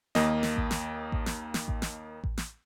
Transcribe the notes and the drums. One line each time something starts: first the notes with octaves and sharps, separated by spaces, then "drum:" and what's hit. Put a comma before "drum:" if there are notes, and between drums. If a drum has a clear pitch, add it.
D#2 A#3 D#5, drum: snare
drum: snare
drum: kick A1
drum: snare
drum: kick A1
drum: snare
drum: snare
drum: kick A1
drum: snare
drum: kick A1
drum: snare